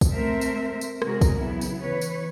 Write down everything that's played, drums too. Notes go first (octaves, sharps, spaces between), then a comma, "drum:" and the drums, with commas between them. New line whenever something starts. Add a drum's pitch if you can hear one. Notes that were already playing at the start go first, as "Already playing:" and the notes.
drum: kick, tambourine
A3 C4 A#4 C5 E5
drum: tambourine
drum: tambourine
C3 G#3 C4 F#4 G#4 A#4, drum: rim click
drum: kick, tambourine
C#3 F#3 B3 E4
drum: tambourine
E3 B4 C#5
drum: tambourine